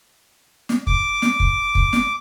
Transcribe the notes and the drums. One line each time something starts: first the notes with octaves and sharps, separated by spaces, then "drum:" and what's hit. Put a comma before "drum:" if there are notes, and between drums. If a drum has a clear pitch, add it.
drum: snare
D6, drum: kick
drum: snare
drum: kick
drum: kick
drum: snare